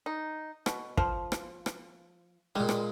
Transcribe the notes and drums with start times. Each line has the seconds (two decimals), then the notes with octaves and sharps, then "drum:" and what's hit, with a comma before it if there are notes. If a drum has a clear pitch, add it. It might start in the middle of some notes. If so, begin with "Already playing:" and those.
0.06 D#4
0.66 B2, drum: rim click
0.97 F3, drum: kick
1.32 drum: rim click
1.66 drum: rim click
2.55 A#2 G3 G#3
2.69 drum: rim click